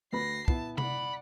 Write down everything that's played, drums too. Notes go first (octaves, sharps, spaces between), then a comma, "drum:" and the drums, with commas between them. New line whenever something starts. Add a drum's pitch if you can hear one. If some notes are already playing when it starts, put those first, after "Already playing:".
D2 B4 B5 A#6 C7
B3 E4 A5, drum: kick
D5 F#5 B5, drum: tom C3